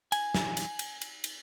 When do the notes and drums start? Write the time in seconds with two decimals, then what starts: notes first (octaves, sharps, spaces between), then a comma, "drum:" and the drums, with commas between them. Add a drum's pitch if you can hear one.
0.12 G#5, drum: cymbal
0.34 drum: snare
0.57 drum: cymbal
0.79 drum: cymbal
1.01 drum: cymbal
1.24 drum: cymbal